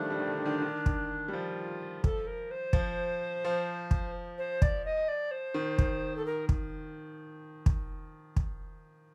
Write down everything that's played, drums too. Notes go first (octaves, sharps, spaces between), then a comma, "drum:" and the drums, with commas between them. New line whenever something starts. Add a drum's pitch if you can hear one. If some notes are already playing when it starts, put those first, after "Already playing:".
Already playing: D#3 F3 G3 A3 D4
G3
D#3
D3
D#3
D#3
drum: kick
G3
F3 F4
A4, drum: kick
A#4
C5
F3, drum: kick
F3
drum: kick
C5
D5, drum: kick
D#5
D5
C5
D#3
drum: kick
A4
A#4
drum: kick
drum: kick
drum: kick